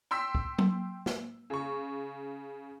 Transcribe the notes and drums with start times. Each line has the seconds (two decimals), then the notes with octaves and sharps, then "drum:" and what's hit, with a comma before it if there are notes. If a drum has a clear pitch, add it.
0.11 G5 C6 E6 B6
0.35 drum: kick
0.58 drum: tom F#3
1.06 drum: snare
1.50 C#3 C#6